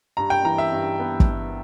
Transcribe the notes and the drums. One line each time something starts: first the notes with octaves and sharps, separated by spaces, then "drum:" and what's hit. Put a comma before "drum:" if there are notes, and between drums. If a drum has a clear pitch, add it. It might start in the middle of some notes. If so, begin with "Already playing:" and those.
G2 A#5
G5
E3 A#5
E5
G2
B3
drum: kick